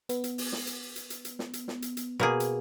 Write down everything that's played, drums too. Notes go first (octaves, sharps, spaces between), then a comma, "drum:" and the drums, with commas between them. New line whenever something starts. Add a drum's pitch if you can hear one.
B3, drum: hi-hat
drum: hi-hat
drum: open hi-hat
drum: snare
drum: hi-hat
drum: hi-hat
drum: hi-hat
drum: hi-hat
drum: snare
drum: hi-hat
drum: snare
drum: hi-hat
drum: hi-hat
B2 A#3 G#4
drum: hi-hat